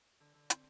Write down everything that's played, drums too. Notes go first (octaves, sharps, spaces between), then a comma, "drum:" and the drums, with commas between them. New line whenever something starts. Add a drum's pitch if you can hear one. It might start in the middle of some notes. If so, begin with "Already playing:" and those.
D3
D3
C4, drum: hi-hat